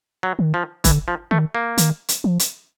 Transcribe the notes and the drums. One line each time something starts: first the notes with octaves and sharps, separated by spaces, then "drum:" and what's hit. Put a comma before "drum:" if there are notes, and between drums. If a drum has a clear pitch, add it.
F#3
D#3
F3
D3 E3, drum: kick, hi-hat
F3
D#3 A3
A#3
D#3, drum: hi-hat
drum: hi-hat
F3
drum: hi-hat